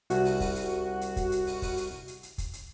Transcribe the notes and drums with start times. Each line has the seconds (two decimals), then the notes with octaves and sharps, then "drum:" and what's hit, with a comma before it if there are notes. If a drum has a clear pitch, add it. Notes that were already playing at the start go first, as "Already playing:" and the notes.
0.10 C2 F#4, drum: hi-hat
0.25 drum: open hi-hat
0.40 drum: kick, open hi-hat
0.56 drum: hi-hat
1.01 drum: hi-hat
1.16 drum: kick, hi-hat
1.32 drum: hi-hat
1.47 drum: open hi-hat
1.62 drum: kick, open hi-hat
1.77 drum: hi-hat
2.08 drum: hi-hat
2.23 drum: hi-hat
2.38 drum: kick, hi-hat
2.53 drum: hi-hat